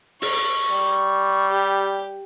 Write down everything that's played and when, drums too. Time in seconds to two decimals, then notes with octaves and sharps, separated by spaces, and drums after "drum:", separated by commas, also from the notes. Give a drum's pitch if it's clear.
0.22 C#6, drum: open hi-hat
0.72 G3
1.51 G4